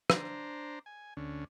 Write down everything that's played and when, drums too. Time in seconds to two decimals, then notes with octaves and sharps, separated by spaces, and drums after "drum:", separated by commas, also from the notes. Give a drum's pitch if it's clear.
0.10 D4 C5 A#5, drum: rim click
0.86 G#5
1.17 D2 D3 C#4